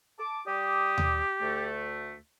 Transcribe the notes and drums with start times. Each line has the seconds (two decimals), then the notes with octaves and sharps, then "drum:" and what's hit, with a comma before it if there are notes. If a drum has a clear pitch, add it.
0.19 A5 D6
0.47 G3 G4 D6 D#6
0.98 drum: tom D#2
1.41 D2 A3